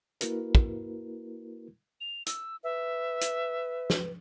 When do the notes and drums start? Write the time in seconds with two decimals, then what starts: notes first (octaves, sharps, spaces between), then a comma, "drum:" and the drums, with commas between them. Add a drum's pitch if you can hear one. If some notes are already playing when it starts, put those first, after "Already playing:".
0.21 A#3 E4 F#4 A#4 B4, drum: hi-hat
0.55 drum: kick
2.01 F7
2.26 E6, drum: hi-hat
2.64 B4 E5
3.21 drum: hi-hat
3.90 drum: snare